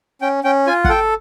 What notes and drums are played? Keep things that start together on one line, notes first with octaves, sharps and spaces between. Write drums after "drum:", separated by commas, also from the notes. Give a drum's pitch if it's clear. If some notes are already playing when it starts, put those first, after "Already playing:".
C#4 G5
C#4 G5
F4 G#5
F#5, drum: kick
A4 G5